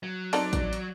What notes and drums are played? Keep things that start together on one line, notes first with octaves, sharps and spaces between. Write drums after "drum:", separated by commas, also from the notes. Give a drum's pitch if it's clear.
F#3
C4 D#4 A4 D5, drum: open hi-hat
drum: kick, hi-hat
drum: hi-hat